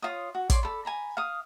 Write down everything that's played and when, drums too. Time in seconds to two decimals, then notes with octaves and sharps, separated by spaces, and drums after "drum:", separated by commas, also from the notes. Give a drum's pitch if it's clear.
0.02 F4 C#5 D#6
0.35 F#4
0.50 C#5 D5 C6, drum: kick, hi-hat
0.63 A4 B5
0.85 G#5 A#5 B5
1.17 F5 D#6